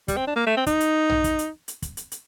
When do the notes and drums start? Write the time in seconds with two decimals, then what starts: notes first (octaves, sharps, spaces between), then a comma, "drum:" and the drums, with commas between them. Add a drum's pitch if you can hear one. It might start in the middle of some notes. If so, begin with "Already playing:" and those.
0.08 G3, drum: kick, hi-hat
0.17 C4
0.28 D4
0.36 A#3
0.47 A3
0.57 C4
0.66 D#4, drum: kick, hi-hat
0.80 drum: hi-hat
1.10 drum: tom A#1
1.24 drum: kick, hi-hat
1.39 drum: hi-hat
1.68 drum: hi-hat
1.82 drum: kick, hi-hat
1.97 drum: hi-hat
2.12 drum: hi-hat